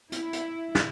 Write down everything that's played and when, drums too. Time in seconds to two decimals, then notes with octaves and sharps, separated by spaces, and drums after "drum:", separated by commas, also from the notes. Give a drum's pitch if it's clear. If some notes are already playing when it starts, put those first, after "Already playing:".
0.12 E4, drum: hi-hat
0.33 drum: hi-hat
0.75 drum: snare